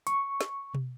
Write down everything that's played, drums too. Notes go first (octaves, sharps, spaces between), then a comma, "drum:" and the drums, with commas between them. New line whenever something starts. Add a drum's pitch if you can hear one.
C#6, drum: hi-hat
drum: snare
drum: tom B2